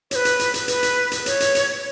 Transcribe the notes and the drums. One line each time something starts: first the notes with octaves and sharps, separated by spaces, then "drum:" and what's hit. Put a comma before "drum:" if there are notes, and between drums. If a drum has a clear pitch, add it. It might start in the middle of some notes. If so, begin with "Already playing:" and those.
C#5, drum: hi-hat
B4
drum: hi-hat
drum: hi-hat
drum: hi-hat
B4, drum: hi-hat
drum: hi-hat
drum: hi-hat
C#5, drum: hi-hat
drum: hi-hat
drum: hi-hat